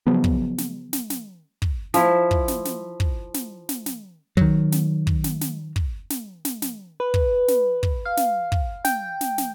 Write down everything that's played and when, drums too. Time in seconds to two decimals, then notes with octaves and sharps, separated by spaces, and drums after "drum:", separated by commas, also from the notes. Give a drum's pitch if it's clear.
0.07 C#3 F3 F#3 B3
0.24 drum: kick
0.58 drum: snare
0.93 drum: snare
1.10 drum: snare
1.62 drum: kick
1.94 F3 E4, drum: snare
2.31 drum: kick
2.48 drum: snare
2.65 drum: snare
3.00 drum: kick
3.34 drum: snare
3.69 drum: snare
3.86 drum: snare
4.37 D#3 F#3, drum: kick
4.72 drum: snare
5.07 drum: kick
5.24 drum: snare
5.41 drum: snare
5.76 drum: kick
6.10 drum: snare
6.45 drum: snare
6.62 drum: snare
7.00 B4
7.14 drum: kick
7.48 drum: snare
7.83 drum: kick
8.05 F5
8.17 drum: snare
8.52 drum: kick
8.85 G5, drum: snare
9.21 drum: snare
9.38 drum: snare